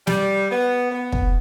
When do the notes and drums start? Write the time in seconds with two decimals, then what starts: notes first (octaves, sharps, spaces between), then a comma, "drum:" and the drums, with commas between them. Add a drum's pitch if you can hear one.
0.07 G3, drum: snare
0.50 B3
0.91 B3
1.12 drum: kick